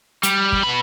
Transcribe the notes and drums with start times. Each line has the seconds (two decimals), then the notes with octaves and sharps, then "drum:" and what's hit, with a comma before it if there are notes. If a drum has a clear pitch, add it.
0.23 G3, drum: hi-hat
0.52 drum: kick
0.63 B2 B5